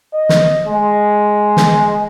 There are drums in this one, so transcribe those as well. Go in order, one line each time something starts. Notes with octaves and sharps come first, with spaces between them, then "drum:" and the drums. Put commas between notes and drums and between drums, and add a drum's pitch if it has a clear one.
D#5
drum: snare
G#3
drum: snare